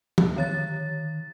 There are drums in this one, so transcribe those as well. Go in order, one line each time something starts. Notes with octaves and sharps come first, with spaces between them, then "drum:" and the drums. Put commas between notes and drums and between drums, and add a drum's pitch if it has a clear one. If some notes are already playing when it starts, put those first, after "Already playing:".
drum: tom
D3 D#3 C#5 A6